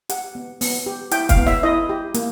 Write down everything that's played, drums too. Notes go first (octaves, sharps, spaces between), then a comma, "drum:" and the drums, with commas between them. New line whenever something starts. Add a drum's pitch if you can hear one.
G4 F#5, drum: hi-hat
B3
B3, drum: open hi-hat
G4
E4 G5, drum: hi-hat
F5, drum: kick, hi-hat
B3
E5, drum: snare
E4 D#5
G4
A#3, drum: hi-hat